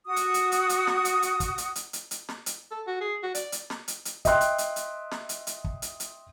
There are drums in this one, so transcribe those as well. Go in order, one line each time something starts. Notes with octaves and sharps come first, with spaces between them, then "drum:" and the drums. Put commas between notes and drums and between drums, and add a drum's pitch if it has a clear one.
F#4 D#6
drum: hi-hat
drum: hi-hat
drum: hi-hat
drum: hi-hat
drum: snare
drum: hi-hat
drum: hi-hat
drum: kick, hi-hat
drum: hi-hat
drum: hi-hat
drum: hi-hat
drum: hi-hat
drum: snare
drum: hi-hat
A4
F#4
G#4
F#4
D5, drum: hi-hat
drum: hi-hat
drum: snare
drum: hi-hat
drum: hi-hat
D#5 E5 G5 C6 F#6, drum: kick, hi-hat
drum: hi-hat
drum: hi-hat
drum: hi-hat
drum: snare
drum: hi-hat
drum: hi-hat
drum: kick
drum: hi-hat
drum: hi-hat